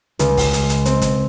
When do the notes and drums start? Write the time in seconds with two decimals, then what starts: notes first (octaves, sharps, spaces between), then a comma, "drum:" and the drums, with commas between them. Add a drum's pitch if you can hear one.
0.19 C#2, drum: hi-hat
0.37 drum: kick, open hi-hat
0.53 drum: hi-hat
0.69 drum: hi-hat
0.86 C4, drum: hi-hat
1.02 drum: kick, hi-hat